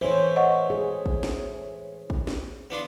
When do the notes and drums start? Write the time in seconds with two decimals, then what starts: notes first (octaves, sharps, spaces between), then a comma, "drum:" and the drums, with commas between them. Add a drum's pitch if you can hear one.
0.01 A2 E3 C5 C#5
0.36 D#5 F#5 C#6
0.70 G#4
1.06 drum: kick
1.23 drum: snare
2.10 drum: kick
2.27 drum: snare
2.70 B3 D4 F4